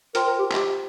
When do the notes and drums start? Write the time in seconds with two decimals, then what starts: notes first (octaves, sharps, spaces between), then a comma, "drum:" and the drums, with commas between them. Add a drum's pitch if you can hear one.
0.15 F4 A#4 C5 G5 C6, drum: hi-hat
0.27 A#4
0.39 G4
0.52 G4, drum: clap